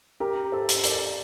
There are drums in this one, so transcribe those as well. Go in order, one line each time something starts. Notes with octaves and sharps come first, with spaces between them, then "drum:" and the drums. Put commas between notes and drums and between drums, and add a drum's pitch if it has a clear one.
G4 A#4
A4 C5
drum: hi-hat
A#4 D5, drum: hi-hat